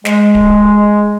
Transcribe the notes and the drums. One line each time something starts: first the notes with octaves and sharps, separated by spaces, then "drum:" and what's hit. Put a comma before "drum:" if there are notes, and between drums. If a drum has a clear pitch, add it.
G#3, drum: snare
drum: kick D1